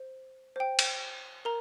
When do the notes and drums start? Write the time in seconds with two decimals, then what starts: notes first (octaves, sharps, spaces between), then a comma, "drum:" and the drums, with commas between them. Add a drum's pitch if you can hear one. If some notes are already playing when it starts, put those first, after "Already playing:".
Already playing: C5
0.56 C5 G5
0.79 drum: cymbal
1.45 A#4 A#5